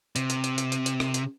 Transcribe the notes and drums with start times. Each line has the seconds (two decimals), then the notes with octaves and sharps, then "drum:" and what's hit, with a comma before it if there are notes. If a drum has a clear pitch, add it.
0.16 C3, drum: hi-hat
0.30 drum: hi-hat
0.44 drum: hi-hat
0.58 drum: hi-hat
0.72 drum: hi-hat
0.86 drum: hi-hat
1.00 drum: rim click
1.14 drum: hi-hat